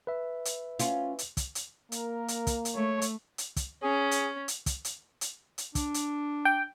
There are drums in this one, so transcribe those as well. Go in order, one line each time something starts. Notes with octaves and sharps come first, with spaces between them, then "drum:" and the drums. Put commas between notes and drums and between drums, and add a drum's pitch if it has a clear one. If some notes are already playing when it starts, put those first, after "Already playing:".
B4 E5
drum: hi-hat
C#4 F4, drum: hi-hat
drum: hi-hat
drum: kick, hi-hat
drum: hi-hat
A#3 A#4, drum: hi-hat
drum: hi-hat
drum: kick, hi-hat
drum: hi-hat
A3 C#5
drum: hi-hat
drum: hi-hat
drum: kick, hi-hat
C#4 G#4
drum: hi-hat
drum: hi-hat
drum: kick, hi-hat
drum: hi-hat
drum: hi-hat
drum: hi-hat
D4, drum: kick, hi-hat
drum: hi-hat
G5